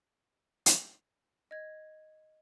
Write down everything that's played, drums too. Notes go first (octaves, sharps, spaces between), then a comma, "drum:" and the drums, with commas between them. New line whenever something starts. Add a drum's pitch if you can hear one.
drum: hi-hat
D#5 G#6